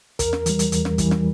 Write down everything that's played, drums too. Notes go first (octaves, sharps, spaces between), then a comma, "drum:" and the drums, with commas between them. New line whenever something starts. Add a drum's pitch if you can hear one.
E2 A#4, drum: kick, hi-hat
drum: snare
E3 G3, drum: hi-hat
drum: hi-hat
E2, drum: hi-hat
drum: snare
E3 G3, drum: kick, hi-hat
drum: snare